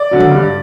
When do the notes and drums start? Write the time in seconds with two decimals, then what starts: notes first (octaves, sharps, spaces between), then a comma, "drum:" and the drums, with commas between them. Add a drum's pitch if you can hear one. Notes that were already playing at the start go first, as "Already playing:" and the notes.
Already playing: D5
0.11 D3 F#3
0.20 drum: tom C#3
0.31 G2